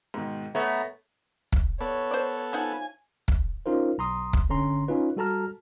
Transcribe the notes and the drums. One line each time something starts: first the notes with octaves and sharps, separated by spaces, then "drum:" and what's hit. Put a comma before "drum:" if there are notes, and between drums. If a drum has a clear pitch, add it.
G#2 B2 D#3
A3 B3 B4 C#5 A#5
drum: kick
B3 A4 C#5 D5
C5 D5
F3 D#4 F#5 G#5
drum: kick
C#4 D#4 F4 A#4 C5
B1 A#5 C6 D#6
drum: kick
G1 D3 C#4 A#5 C6
C#4 D#4 F4 B4
G3 F#4 A4 A5 A#5 F6